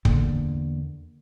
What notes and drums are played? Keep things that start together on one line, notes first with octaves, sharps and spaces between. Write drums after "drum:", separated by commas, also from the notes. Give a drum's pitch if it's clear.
E2 D3 A#3, drum: kick